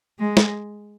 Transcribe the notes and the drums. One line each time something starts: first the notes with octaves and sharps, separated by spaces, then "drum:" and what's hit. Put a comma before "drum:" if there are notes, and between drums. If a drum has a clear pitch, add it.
G#3
drum: snare